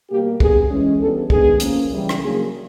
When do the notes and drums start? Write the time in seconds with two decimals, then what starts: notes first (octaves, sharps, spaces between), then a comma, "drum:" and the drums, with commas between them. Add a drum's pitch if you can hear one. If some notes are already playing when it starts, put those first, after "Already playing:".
0.10 B2 G3 A#3 G4
0.40 D3 G3 B3 G#4, drum: kick
0.70 E3 G#3 C#4
1.00 E3 G3 B3 D4 A4
1.30 D#3 G#3 B3 D4 G#4, drum: kick
1.60 F3 A#3 C#4, drum: hi-hat
1.90 C#3 E3 G3
2.09 drum: rim click
2.20 C#3 F#3 A#3 D4 G#4